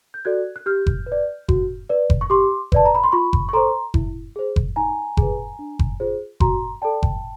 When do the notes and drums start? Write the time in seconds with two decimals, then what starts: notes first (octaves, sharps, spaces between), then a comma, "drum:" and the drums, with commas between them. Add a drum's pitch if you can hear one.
0.14 G6
0.25 F#4 A4 D5 F#6 G#6
0.56 F#6
0.66 G4 F6 G6
0.87 drum: kick F#1
1.06 B4
1.12 D5
1.49 F#4, drum: kick F#1
1.89 B4 D5
2.10 drum: kick F#1
2.21 C#6
2.30 G4 C6 D6
2.72 B4 D5 A5, drum: kick F#1
2.85 A#5
2.95 B5
3.04 C6
3.12 F4 B5 C#6
3.33 drum: kick F#1
3.49 C#6
3.53 A4 C5 A#5 C6
3.94 E4, drum: kick F#1
4.36 G#4 C5
4.56 drum: kick F#1
4.76 D#4 G#5 A#5
5.17 G#4, drum: kick F#1
5.22 B4
5.59 D4
5.79 drum: kick F#1
6.00 F4 G#4 C5
6.40 F#4 A#5 C6, drum: kick F#1
6.82 A4 D5 G5 A5
7.03 drum: kick F#1